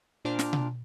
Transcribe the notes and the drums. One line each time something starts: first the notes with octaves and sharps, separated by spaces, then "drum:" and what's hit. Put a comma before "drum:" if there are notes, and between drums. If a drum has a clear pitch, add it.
A#2 D4 C5 D6 F6
drum: snare
drum: tom B2